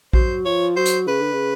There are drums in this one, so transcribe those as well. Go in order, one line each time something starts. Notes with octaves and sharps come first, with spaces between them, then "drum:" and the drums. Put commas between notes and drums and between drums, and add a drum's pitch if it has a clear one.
F#3 C5, drum: kick A#1
F3 C#5
F#3 C5
drum: hi-hat
C#3 B4
D3
C#3